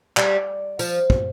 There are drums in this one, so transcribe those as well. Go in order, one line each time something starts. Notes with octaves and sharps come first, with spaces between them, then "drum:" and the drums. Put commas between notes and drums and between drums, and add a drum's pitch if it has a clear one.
G3, drum: clap
F3, drum: tambourine
drum: kick